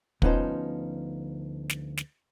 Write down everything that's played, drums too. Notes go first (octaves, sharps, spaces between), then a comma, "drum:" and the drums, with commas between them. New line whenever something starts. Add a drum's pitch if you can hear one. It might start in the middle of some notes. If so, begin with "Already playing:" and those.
D2 F3 B3 C#4 D#4 C5, drum: kick
drum: snare
drum: snare